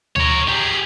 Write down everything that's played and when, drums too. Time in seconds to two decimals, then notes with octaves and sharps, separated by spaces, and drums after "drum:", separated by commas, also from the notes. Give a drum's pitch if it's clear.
0.16 A#4 C#5, drum: tom D2
0.48 G4 G#4